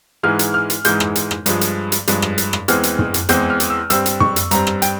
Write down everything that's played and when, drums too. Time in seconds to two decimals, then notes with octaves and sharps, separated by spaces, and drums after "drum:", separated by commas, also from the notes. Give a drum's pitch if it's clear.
0.23 G#2 E3 G#3 F6
0.39 drum: hi-hat
0.54 F6
0.70 drum: hi-hat
0.85 G#2 E3 G#3 G6, drum: hi-hat
1.00 drum: rim click
1.15 drum: hi-hat
1.31 drum: rim click
1.46 G2 F3 G#3, drum: hi-hat
1.61 drum: hi-hat
1.92 drum: hi-hat
2.07 G2 F3 G#3, drum: hi-hat
2.22 drum: rim click
2.38 drum: hi-hat
2.53 drum: rim click
2.68 E2 E3 G#3 C4 F6, drum: hi-hat
2.83 drum: hi-hat
2.99 drum: tom
3.14 drum: hi-hat
3.29 E2 E3 G#3 C4 G6, drum: hi-hat
3.50 F6
3.60 drum: hi-hat
3.70 E6
3.90 G2 G3 C4 E6, drum: hi-hat
4.06 drum: hi-hat
4.20 C#6, drum: tom
4.36 drum: hi-hat
4.51 G2 G3 C4 A#5, drum: hi-hat
4.67 drum: rim click
4.82 G5, drum: hi-hat